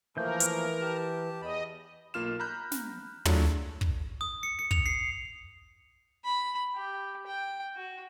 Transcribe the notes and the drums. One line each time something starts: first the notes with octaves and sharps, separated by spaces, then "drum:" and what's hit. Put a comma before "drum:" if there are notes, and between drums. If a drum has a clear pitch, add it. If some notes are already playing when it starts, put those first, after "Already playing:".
E3 F3 A3 A#3 A#4 G6
drum: hi-hat
G4 A5
E2 D#5 B5
B1 A#3 F4 F6 E7
A#5 B5 F#6 G6
drum: snare
F#3 A3 D4 E4 F4 G#4, drum: tom
drum: kick
D#6
C#7
C#7
F7, drum: kick
C7
B5
G4
G5
F#4